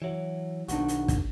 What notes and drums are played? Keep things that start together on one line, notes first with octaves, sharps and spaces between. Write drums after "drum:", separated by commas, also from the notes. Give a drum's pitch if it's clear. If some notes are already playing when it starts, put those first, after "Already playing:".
E3 F#3
B1 D#3 F3 D4 F#4, drum: hi-hat
drum: hi-hat
drum: kick, hi-hat